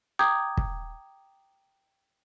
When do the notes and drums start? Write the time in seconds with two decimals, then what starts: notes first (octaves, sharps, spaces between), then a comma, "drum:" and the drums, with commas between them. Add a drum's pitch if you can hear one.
0.19 G5 A#5 D6 D#6 G6 G#6
0.57 drum: kick